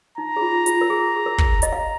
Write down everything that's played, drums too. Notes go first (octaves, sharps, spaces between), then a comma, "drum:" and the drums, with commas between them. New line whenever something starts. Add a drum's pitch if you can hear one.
D#4 A#5
G#4
F4
F4, drum: hi-hat
A#4
G#4
G#4
A#4
drum: kick
D#5 A#5, drum: hi-hat
F5